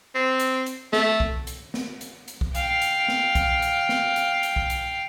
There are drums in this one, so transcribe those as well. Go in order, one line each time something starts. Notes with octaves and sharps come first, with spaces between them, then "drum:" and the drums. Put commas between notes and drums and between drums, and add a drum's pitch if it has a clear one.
C4
drum: hi-hat
drum: hi-hat
A3, drum: snare
drum: kick B1
drum: hi-hat
drum: snare
drum: hi-hat
drum: hi-hat
drum: kick B1
F5 G5, drum: hi-hat
drum: hi-hat
drum: snare
drum: kick B1, hi-hat
drum: hi-hat
drum: snare
drum: hi-hat
drum: hi-hat
drum: kick B1
drum: hi-hat